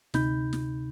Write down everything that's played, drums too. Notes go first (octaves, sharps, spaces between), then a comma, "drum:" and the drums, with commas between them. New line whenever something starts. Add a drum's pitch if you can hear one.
D2 C3 D#4 B5 G6, drum: snare
drum: snare